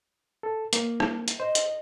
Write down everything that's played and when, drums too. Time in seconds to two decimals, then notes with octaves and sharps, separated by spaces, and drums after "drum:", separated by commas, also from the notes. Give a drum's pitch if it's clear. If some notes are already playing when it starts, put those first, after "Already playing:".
0.43 A4
0.73 A#3, drum: hi-hat
1.00 drum: rim click
1.28 drum: hi-hat
1.40 C5 D#5
1.55 drum: hi-hat